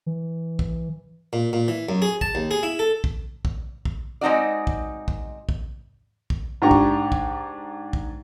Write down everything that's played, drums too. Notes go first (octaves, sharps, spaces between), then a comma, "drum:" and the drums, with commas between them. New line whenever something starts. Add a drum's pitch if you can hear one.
E3
drum: kick
A#2
A#2
E3
F#2
G#4
A5, drum: kick
D#2
G#4
E4
A4
drum: kick
drum: kick
drum: kick
G#3 C4 D#4 F#4 D5
drum: kick
drum: kick
drum: kick
drum: kick
G#2 D4 G4 A#5 C#6
drum: kick
drum: kick
drum: kick